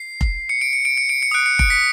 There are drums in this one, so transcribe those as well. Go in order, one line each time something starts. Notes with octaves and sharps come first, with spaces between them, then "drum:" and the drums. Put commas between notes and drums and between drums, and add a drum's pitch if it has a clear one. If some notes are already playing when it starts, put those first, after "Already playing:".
Already playing: C7
drum: kick F1
C#7
D7
C#7
D7
C#7
D7
C#7
D#6 F#6 D7
C#7
D7, drum: kick F1
B6 C#7